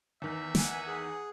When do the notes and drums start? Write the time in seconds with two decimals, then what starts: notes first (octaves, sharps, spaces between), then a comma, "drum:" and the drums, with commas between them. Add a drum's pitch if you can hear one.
0.22 E2 D#3 E5
0.55 F#5 G#5, drum: snare
0.87 G#4